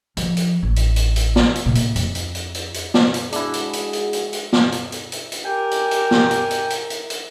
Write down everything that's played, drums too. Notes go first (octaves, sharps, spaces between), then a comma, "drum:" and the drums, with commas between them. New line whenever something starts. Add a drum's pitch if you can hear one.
F3, drum: hi-hat
drum: hi-hat
A1
drum: hi-hat
drum: hi-hat
drum: hi-hat
drum: snare
drum: hi-hat
A#2
drum: hi-hat
F2, drum: hi-hat
drum: hi-hat
drum: hi-hat
drum: hi-hat
drum: hi-hat
drum: snare
drum: hi-hat
G#3 D4 E4 F#4 G#4, drum: hi-hat
drum: hi-hat
drum: hi-hat
drum: hi-hat
drum: hi-hat
drum: hi-hat
drum: snare
drum: hi-hat
drum: hi-hat
drum: hi-hat
drum: hi-hat
G4 A#4 G5 G#5
drum: hi-hat
drum: hi-hat
drum: snare
drum: hi-hat
drum: hi-hat
drum: hi-hat
drum: hi-hat
drum: hi-hat